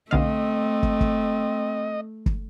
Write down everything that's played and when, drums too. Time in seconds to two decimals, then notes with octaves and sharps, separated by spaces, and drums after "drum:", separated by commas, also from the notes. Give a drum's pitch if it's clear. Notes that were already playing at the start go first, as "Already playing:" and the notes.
0.11 B1 D3 A3 C4 D#5 F5
0.83 drum: kick
1.01 drum: kick
2.26 drum: kick